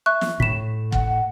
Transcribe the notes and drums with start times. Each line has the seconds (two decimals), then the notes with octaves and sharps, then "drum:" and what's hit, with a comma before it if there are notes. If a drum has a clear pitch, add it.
0.06 E5 C#6 F#6
0.21 drum: snare
0.40 A2 B6 E7
0.92 F#5, drum: kick